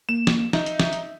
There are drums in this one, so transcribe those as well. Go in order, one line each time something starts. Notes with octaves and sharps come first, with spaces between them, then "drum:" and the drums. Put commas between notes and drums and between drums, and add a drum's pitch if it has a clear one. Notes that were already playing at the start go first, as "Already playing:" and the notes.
A#3 E7
drum: snare
D#4 E5, drum: snare
drum: hi-hat
drum: snare
drum: hi-hat